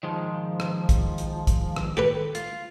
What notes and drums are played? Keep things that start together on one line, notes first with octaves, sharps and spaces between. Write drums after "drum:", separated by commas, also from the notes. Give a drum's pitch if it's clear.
D#3 F3 G#3
drum: rim click
drum: kick, hi-hat
drum: hi-hat
drum: kick, hi-hat
drum: rim click
G4 A4 B4
F4, drum: hi-hat